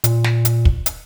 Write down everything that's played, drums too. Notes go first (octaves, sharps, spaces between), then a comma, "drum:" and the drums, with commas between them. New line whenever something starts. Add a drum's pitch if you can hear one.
A#2, drum: hi-hat
drum: snare
drum: hi-hat
drum: kick
drum: hi-hat